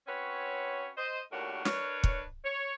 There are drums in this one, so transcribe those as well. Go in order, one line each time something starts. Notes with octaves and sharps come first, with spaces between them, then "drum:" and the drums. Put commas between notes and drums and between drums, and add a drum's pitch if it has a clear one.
C4 C#4 F#4 B4 C#5
C5 D#5
D#2 A2 D4 F#4 A#4 C#5
D4 A#4 B4 C#5, drum: snare
drum: kick
C#5